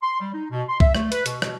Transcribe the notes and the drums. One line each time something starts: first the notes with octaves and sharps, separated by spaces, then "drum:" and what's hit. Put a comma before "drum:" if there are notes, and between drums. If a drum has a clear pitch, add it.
C6
G3
D#4
B2
C6
E5, drum: kick C2
A3, drum: rim click
B4, drum: hi-hat
B2, drum: hi-hat
B2, drum: rim click